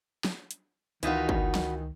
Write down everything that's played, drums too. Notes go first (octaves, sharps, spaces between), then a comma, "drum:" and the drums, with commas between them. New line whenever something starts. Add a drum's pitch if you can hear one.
drum: snare
drum: hi-hat
C#2 D#3 E3 D#4 F4 F#4 B4, drum: hi-hat
drum: kick
drum: snare